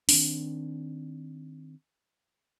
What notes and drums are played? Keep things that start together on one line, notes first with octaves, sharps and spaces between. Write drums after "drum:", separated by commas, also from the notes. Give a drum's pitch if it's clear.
D#3 C4 D4, drum: open hi-hat